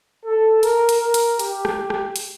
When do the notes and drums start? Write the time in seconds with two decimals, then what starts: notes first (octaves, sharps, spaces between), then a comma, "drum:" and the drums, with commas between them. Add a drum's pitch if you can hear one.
0.25 A4
0.63 A#4, drum: hi-hat
0.89 drum: hi-hat
1.01 A#4
1.14 drum: hi-hat
1.39 G4, drum: hi-hat
1.65 drum: rim click
1.90 drum: rim click
2.16 drum: hi-hat